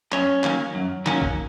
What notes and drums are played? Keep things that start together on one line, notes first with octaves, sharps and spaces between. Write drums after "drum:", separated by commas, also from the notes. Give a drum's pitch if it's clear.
F#2 C#4 C#5, drum: clap
D#3 F#3 A#3 C#4, drum: clap
F#2
D#3 F#3 A#3 C#4, drum: clap
drum: kick